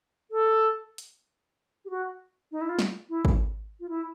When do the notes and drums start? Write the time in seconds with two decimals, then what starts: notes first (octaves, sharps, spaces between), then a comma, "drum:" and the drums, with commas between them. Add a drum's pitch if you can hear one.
0.31 A4
0.98 drum: hi-hat
1.85 G4
1.90 F#4
2.52 D#4
2.61 E4
2.69 F4
2.79 drum: snare
3.09 E4
3.25 drum: kick G#1
3.80 F4
3.89 E4